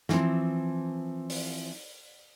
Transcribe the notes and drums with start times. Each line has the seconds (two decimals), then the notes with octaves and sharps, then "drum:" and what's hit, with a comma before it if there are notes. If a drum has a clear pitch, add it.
0.09 E3 F3 C4, drum: snare
1.29 drum: open hi-hat